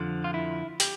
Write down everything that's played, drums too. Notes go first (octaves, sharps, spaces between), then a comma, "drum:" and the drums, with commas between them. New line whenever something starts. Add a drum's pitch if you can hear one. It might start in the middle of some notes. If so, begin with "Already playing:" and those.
Already playing: F2 D3 F3
F4
E4
G4, drum: hi-hat